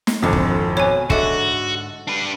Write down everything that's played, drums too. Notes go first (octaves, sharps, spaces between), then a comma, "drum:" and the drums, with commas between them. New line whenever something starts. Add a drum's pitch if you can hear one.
drum: snare
G#1 F2 A#2 D3
drum: kick
B2 C#5 G#5
G#2 D3 F#4 A4 E5 E7, drum: kick
D4 B4